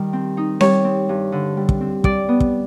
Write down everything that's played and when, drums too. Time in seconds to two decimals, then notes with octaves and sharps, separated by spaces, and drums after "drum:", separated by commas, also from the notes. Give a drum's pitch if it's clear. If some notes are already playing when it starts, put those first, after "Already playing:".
Already playing: D#3 G3 D#4
0.13 C4
0.37 D#4
0.61 G3 C#5, drum: snare C4
0.84 C4
1.09 G2
1.32 D3
1.57 G3
1.69 drum: kick
1.81 C4
2.04 G3 D5, drum: kick
2.29 B3
2.40 drum: kick